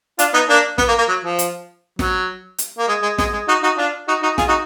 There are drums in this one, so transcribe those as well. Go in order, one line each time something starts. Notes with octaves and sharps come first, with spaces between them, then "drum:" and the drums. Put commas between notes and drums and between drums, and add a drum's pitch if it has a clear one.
D4 F4, drum: hi-hat
B3 D#4
A#3 D4
B3, drum: snare
A#3
A#3
F#3
F3
drum: hi-hat
F#3, drum: snare
drum: hi-hat
A#3
G#3
G#3
G#3, drum: snare
G#3
D#4 F#4
D#4 F#4
D4 F4
D#4 F#4
D#4 F#4
F4 G#4, drum: snare
D#4 F#4